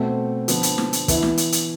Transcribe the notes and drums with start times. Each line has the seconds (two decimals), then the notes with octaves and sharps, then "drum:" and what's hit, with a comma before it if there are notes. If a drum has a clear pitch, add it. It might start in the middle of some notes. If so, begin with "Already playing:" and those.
Already playing: B2 A3 C4
0.48 D3 F3 B3, drum: hi-hat
0.63 drum: hi-hat
0.78 drum: snare
0.93 drum: hi-hat
1.08 E3 B3 E4, drum: kick, hi-hat
1.23 drum: snare
1.38 drum: hi-hat
1.52 drum: hi-hat